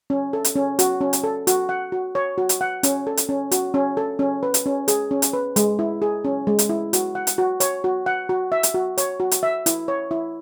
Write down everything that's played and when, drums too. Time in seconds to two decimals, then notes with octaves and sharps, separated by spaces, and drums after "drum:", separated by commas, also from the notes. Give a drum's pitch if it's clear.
0.10 C#4
0.33 A4
0.44 drum: hi-hat
0.56 C#4
0.79 F#4, drum: hi-hat
1.01 C#4
1.13 drum: hi-hat
1.24 A4
1.47 F#4, drum: hi-hat
1.69 F#5
1.92 F#4
2.15 C#5
2.38 F#4
2.49 drum: hi-hat
2.61 F#5
2.83 C#4, drum: hi-hat
3.07 A4
3.17 drum: hi-hat
3.29 C#4
3.51 F#4, drum: hi-hat
3.74 C#4
3.97 A4
4.19 C#4
4.43 B4
4.54 drum: hi-hat
4.66 C#4
4.88 G#4, drum: hi-hat
5.11 C#4
5.22 drum: hi-hat
5.33 B4
5.56 G#3, drum: hi-hat
5.79 E4
6.02 G#4
6.25 C#4
6.47 G#3
6.59 drum: hi-hat
6.69 E4
6.93 F#4, drum: hi-hat
7.15 F#5
7.27 drum: hi-hat
7.38 F#4
7.60 C#5, drum: hi-hat
7.84 F#4
8.06 F#5
8.29 F#4
8.52 E5
8.63 drum: hi-hat
8.74 F#4
8.98 C#5, drum: hi-hat
9.20 F#4
9.31 drum: hi-hat
9.43 E5
9.66 E4, drum: hi-hat
9.88 C#5
10.11 E4